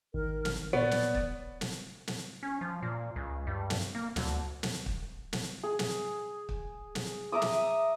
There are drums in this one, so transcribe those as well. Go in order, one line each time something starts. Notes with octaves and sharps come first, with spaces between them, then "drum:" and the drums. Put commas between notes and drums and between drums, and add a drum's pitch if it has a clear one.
G#1 D#3 A#4
drum: snare
A#2 B3 C#5 D5
drum: snare
drum: kick
drum: snare
drum: snare
C#4
F3
A#2
C#2
G2
drum: snare
A#3
D2, drum: snare
drum: snare
drum: kick
drum: snare
G#4
drum: snare
drum: kick
drum: snare
E5 A#5 D6 D#6
drum: snare